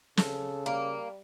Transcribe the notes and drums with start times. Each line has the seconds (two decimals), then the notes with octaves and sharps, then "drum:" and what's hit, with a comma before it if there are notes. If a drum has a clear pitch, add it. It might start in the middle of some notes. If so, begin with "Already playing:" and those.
0.17 C#3 A4, drum: snare
0.66 G3 A#3